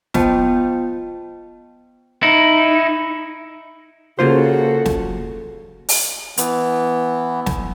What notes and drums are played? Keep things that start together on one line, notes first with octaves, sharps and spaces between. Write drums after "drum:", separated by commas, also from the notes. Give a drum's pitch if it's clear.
B3 F4 C5 D#5 G5 A5, drum: snare
D#4 E4
C#3 A#3 F4 F#4 A4 C5
drum: snare
drum: open hi-hat
E3 B3, drum: hi-hat
drum: snare